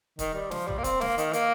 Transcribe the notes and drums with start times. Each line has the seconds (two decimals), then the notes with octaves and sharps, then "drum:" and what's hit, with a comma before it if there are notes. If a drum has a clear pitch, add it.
0.19 D#3, drum: kick, hi-hat
0.34 G3
0.51 F3, drum: snare
0.68 G3, drum: tom
0.78 A#3
0.84 C4, drum: kick, hi-hat
1.01 A#3, drum: snare
1.18 D#3, drum: hi-hat
1.33 A#3, drum: hi-hat